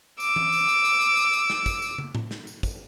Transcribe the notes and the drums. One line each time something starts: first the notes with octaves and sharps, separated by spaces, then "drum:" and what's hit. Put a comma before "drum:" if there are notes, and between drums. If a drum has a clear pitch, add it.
D6 E6, drum: tambourine
drum: tom
drum: tambourine
drum: tambourine
drum: tambourine
drum: tambourine
drum: tambourine
drum: tambourine
drum: snare
drum: kick, tambourine
drum: tambourine
drum: tom
drum: tom A2
drum: snare
drum: tambourine
drum: kick, tambourine